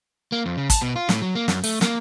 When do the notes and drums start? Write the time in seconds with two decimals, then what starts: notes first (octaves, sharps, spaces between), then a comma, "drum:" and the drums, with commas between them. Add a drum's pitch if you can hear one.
0.32 A#3
0.46 F2
0.57 C#3
0.70 A5, drum: kick, hi-hat
0.82 B2
0.96 F4
1.09 A2, drum: snare
1.22 F#3
1.35 A#3
1.48 F#2, drum: snare
1.64 A3, drum: open hi-hat
1.81 A#3, drum: snare